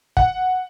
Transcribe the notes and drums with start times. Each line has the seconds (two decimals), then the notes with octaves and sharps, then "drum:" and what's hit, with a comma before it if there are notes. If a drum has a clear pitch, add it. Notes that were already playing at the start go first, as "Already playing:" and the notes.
0.17 F#5, drum: kick